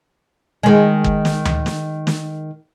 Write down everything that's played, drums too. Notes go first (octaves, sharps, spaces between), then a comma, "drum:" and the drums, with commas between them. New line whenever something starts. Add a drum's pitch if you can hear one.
D#3 G#3
drum: kick
drum: snare
drum: tom D2
drum: snare
drum: snare